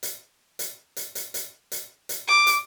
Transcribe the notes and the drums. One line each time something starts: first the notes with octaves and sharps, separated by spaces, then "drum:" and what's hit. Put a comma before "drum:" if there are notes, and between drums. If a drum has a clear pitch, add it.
drum: hi-hat
drum: hi-hat
drum: hi-hat
drum: hi-hat
drum: hi-hat
drum: hi-hat
drum: hi-hat
D6
drum: hi-hat